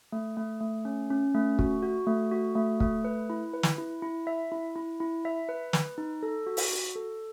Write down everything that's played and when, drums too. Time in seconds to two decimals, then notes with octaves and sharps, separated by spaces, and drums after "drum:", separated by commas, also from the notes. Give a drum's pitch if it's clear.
0.12 A3
0.37 A3
0.61 A3
0.85 C#4
1.10 C#4
1.35 A3
1.59 F#4, drum: kick
1.82 F#4
2.07 A3
2.32 F#4
2.56 A3
2.80 A3, drum: kick
3.04 B4
3.30 E4
3.53 B4
3.63 drum: snare
3.78 E4
4.02 E4
4.27 E5
4.52 E4
4.76 E4
5.00 E4
5.25 E5
5.49 B4
5.73 B4, drum: snare
5.98 D#4
6.23 A4
6.47 F#4
6.57 drum: open hi-hat
6.71 F#4
6.96 A4